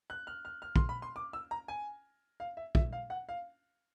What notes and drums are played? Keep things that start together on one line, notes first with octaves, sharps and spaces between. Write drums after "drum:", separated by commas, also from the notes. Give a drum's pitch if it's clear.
F#6
F6
F6
F6
C6, drum: kick
B5
C6
D6
E6
A#5
G#5
F5
E5
E5, drum: kick
F5
F#5
F5